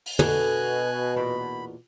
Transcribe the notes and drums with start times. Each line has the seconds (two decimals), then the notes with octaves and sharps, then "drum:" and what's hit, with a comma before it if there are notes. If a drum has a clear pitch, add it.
0.06 drum: open hi-hat
0.19 B2 D4 A4 G#5 F#6, drum: tom
1.16 E2 A#2 D4 B5